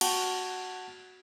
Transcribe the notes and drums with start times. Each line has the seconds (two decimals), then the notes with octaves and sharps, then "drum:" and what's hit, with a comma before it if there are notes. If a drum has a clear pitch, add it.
0.01 F#4 F#5 G5 A5 C#6, drum: cymbal